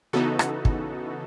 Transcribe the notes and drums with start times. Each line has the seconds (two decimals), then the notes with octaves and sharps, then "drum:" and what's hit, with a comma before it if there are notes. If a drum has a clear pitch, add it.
0.13 C#3 E3 B3 D#4 F#4 A4
0.39 drum: rim click
0.65 drum: kick